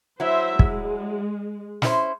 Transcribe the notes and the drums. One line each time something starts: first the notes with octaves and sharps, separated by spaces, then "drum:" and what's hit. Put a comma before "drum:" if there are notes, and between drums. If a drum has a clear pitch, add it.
F#3 E4 C5 E5
G#3, drum: kick
C#4 E4 C5, drum: snare